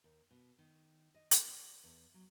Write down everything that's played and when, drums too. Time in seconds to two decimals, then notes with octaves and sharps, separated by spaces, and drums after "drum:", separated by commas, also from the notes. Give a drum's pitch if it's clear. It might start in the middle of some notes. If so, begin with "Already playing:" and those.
0.04 D#2
0.31 B2
0.59 D#3
1.15 D#5
1.31 A#3, drum: hi-hat
1.48 D5
1.84 E2
2.14 F#3